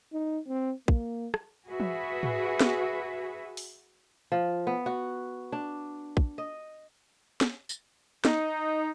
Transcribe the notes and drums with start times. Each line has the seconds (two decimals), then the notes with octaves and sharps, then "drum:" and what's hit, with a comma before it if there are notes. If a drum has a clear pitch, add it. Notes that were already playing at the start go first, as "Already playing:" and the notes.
0.13 D#4
0.48 C4
0.88 A#3, drum: kick
1.34 drum: rim click
1.67 F#4 G#4 B4 E5
1.80 drum: tom
2.23 drum: tom
2.61 drum: snare
3.57 drum: open hi-hat
4.32 F3
4.67 B3
4.86 F#4
5.52 D4
6.17 drum: kick
6.38 D#5
7.41 drum: snare
7.69 drum: tambourine
8.25 D#4, drum: snare